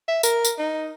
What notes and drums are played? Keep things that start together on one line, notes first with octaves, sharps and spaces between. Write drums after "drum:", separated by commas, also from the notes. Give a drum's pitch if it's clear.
E5
A#4, drum: tambourine
drum: tambourine
D#4